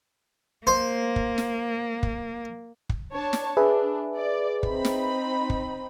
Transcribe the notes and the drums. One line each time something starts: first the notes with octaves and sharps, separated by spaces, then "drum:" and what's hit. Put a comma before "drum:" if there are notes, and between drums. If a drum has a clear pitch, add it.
A#3 C5
drum: kick
drum: snare
drum: kick
drum: kick
D4 C#5 A5
drum: snare
D4 G#4 B4 E5
D5
C4 D#4 B5, drum: kick
drum: snare
drum: kick